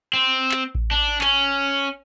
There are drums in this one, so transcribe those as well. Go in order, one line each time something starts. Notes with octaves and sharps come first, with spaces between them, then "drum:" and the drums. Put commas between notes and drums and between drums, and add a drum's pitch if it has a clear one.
C4
drum: clap
drum: kick A1
D4
C#4, drum: clap